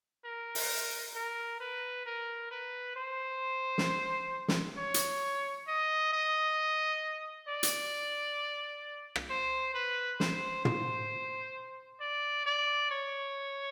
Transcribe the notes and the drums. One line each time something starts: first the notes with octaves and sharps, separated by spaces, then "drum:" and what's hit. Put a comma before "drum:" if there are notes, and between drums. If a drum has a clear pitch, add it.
A#4
drum: open hi-hat
A#4
B4
A#4
B4
C5
drum: snare
drum: snare
C#5
drum: hi-hat
D#5
D#5
D5
drum: hi-hat
drum: rim click
C5
B4
C5, drum: snare
C5, drum: tom
D5
D5
C#5